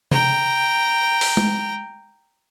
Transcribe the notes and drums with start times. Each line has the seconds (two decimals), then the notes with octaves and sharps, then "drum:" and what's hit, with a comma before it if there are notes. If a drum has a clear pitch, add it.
0.11 G5 A#5, drum: tom C3
1.21 drum: open hi-hat
1.37 drum: tom G#3